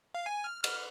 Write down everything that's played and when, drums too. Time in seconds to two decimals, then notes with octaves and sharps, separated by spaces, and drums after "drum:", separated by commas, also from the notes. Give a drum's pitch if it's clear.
0.15 F5
0.26 G#5
0.44 F6
0.64 F6, drum: cymbal